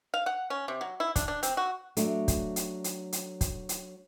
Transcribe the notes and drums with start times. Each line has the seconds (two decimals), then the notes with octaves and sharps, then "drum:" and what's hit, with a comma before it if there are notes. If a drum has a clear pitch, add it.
0.14 F5
0.26 F#5
0.50 C#4
0.68 C3
0.81 F#3
1.00 E4
1.16 D4, drum: kick, hi-hat
1.28 D4
1.43 C4, drum: hi-hat
1.57 F#4
1.97 F#3 A3 D4, drum: hi-hat
2.28 drum: kick, hi-hat
2.56 drum: hi-hat
2.84 drum: hi-hat
3.12 drum: hi-hat
3.41 drum: kick, hi-hat
3.69 drum: hi-hat